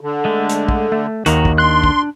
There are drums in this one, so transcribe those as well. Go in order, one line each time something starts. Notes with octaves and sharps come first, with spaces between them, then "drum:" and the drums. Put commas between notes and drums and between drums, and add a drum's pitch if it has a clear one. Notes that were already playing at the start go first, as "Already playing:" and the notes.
D3
G#3 A3
drum: hi-hat
drum: kick
A3
D#2 D#3 F#4 A#5, drum: hi-hat
drum: kick
D4 C6 F#6
drum: kick